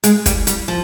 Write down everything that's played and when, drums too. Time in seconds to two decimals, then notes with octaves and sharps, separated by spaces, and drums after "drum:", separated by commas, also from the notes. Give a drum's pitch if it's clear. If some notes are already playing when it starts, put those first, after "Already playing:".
0.04 G#3, drum: hi-hat
0.26 G3, drum: kick, hi-hat
0.47 G3, drum: hi-hat
0.68 F3